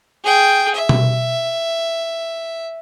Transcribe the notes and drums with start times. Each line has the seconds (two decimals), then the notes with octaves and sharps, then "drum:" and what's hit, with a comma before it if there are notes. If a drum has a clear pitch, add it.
0.24 G#4 G5
0.75 E5
0.89 drum: tom B2